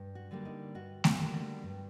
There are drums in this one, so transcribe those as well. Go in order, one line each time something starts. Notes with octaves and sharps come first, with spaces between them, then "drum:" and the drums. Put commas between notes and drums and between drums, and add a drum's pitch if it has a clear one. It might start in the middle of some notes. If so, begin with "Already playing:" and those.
Already playing: G2
F#4
D3 G3 A#3
D#4
G2 F#4
F#4, drum: snare A3
D3 G3 A#3
F#4
G2